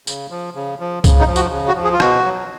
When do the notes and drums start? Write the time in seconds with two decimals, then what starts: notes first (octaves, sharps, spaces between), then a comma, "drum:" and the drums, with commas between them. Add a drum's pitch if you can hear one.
0.07 C#3, drum: tambourine
0.30 F3
0.55 C#3
0.80 F3
1.04 C#3, drum: kick C2, tambourine
1.20 D#4
1.27 F3
1.36 F#4, drum: tambourine
1.51 C#3
1.68 F#4
1.76 F3
1.84 G#4
1.93 F4
2.00 B2 F#4, drum: rim click
2.25 F#3